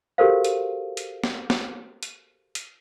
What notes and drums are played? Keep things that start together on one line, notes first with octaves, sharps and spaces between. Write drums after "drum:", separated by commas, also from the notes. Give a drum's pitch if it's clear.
F#4 G4 A4 A#4 C5 F5
drum: hi-hat
drum: hi-hat
drum: snare
drum: snare
drum: hi-hat
drum: hi-hat